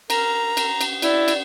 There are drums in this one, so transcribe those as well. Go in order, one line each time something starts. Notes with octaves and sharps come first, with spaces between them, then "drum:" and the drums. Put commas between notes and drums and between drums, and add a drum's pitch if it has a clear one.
A#4 A#5, drum: cymbal
drum: cymbal
drum: cymbal
E4 D5, drum: cymbal
drum: cymbal